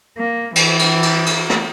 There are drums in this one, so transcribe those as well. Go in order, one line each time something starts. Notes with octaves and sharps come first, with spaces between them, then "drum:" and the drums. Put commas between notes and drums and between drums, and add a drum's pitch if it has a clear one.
A#3
E3, drum: cymbal
drum: cymbal
drum: cymbal
drum: cymbal
drum: rim click